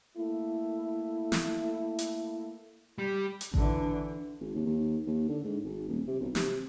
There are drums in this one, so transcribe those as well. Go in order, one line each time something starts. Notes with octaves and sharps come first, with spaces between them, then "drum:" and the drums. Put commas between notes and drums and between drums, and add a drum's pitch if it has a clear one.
A3 A#3 E4
drum: snare
drum: hi-hat
G3
drum: hi-hat
D3 E3, drum: kick A1
G#1
D#2
D#2
D#2
D3
G#2
G#1
D#1
C3
B1
C3, drum: snare